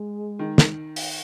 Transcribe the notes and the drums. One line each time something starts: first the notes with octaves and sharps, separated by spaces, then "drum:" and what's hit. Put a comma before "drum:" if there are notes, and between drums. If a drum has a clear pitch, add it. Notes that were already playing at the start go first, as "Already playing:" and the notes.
Already playing: G#3
D#3
drum: snare
drum: open hi-hat